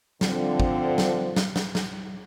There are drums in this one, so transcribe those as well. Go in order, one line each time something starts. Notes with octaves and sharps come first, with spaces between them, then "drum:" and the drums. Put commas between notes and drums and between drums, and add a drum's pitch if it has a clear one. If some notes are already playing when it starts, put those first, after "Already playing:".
D3 F3 C4, drum: snare
drum: kick
drum: snare
drum: snare
drum: snare
drum: snare